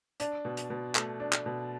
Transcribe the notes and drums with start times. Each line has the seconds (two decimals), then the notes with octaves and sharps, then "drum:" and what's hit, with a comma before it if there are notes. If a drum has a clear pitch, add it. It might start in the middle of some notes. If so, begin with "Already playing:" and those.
0.20 D4, drum: hi-hat
0.45 B2
0.57 drum: hi-hat
0.70 B2
0.95 A3, drum: clap
1.20 D4
1.33 drum: clap
1.46 B2